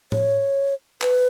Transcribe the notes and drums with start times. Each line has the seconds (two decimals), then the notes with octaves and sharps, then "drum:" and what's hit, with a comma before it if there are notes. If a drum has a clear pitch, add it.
0.12 C#5, drum: tom A2
1.02 B4, drum: clap